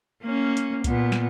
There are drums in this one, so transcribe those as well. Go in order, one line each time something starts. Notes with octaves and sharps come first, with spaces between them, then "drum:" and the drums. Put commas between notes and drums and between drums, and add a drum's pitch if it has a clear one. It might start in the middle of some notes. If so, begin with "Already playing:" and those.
A#3 C#4
drum: hi-hat
A#2 B3, drum: kick C2, hi-hat
drum: snare